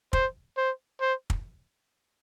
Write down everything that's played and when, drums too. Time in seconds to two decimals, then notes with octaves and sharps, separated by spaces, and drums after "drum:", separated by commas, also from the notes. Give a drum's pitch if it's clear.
0.13 C5, drum: kick
0.57 C5
1.00 C5
1.30 drum: kick